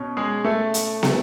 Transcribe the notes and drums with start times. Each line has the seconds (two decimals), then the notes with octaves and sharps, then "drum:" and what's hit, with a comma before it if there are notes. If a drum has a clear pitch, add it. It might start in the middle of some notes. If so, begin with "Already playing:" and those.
Already playing: B2 C#4
0.17 G#3 G#4
0.45 A3 A4
0.74 drum: hi-hat
1.03 drum: snare